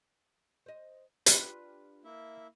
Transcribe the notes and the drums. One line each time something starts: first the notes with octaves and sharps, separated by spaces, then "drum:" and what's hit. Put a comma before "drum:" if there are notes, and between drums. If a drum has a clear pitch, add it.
C5 D#5
D4 F4 G4 B4, drum: hi-hat
A#3 E4 E5